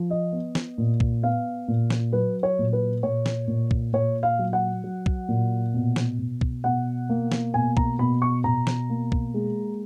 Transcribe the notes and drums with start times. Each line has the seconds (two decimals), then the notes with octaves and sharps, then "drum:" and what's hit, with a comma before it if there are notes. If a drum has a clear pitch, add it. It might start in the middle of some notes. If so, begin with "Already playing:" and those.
Already playing: F3
0.10 D#5
0.32 B3
0.55 drum: snare
0.78 A#2
1.00 drum: kick B1
1.22 B3 F5
1.68 A#2
1.90 drum: snare
2.13 F#3 B4
2.43 C#5
2.59 A#2
2.73 B4
3.03 A#2 C#5
3.26 drum: snare
3.48 A#2
3.71 drum: kick B1
3.93 A#2 C#5
4.23 F5
4.39 F#3
4.53 F#5
4.84 F#3
5.06 drum: kick B1
5.29 A#2
5.74 B2
5.96 drum: snare
6.18 B2
6.41 drum: kick B1
6.64 B2 F#5
7.09 A#3
7.32 drum: snare
7.54 B2 G#5
7.77 A#5, drum: kick B1
7.99 B2 B5
8.22 C#6
8.44 B2 A#5
8.67 drum: snare
8.90 A#3
9.12 drum: kick B1
9.34 G#3